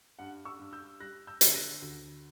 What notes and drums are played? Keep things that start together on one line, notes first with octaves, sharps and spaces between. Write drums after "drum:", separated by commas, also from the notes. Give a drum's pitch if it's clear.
G2 F#5
C#6 E6
G2
E6 G6
G3 F#6 A#6
E6 G6
D3, drum: hi-hat
F#6 A#6
D2